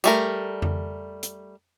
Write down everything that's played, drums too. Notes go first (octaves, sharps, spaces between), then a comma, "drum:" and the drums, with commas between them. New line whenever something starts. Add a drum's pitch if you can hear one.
G3 A3 A#4, drum: tambourine
drum: tom F2
drum: hi-hat